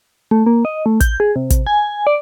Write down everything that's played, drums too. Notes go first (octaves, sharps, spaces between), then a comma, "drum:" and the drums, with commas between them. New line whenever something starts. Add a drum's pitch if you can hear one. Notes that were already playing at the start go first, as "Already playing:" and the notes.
A3
A#3
D#5
A3
G6, drum: kick, hi-hat
G#4
C3
drum: kick, hi-hat
G#5
D5